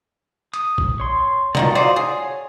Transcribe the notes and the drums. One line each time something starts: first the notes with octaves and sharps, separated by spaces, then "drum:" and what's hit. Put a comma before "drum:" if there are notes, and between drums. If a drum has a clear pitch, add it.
D#6, drum: hi-hat
drum: kick A1
C#5 C6
B2 D#3 F3 D5 D#5, drum: tom
D#4 F#4 C5 D5 F5, drum: rim click
G#4 C#5